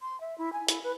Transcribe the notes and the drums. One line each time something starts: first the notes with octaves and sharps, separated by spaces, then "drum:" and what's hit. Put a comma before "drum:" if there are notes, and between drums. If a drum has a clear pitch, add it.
C6
E5
E4
G#5
E4, drum: hi-hat
B4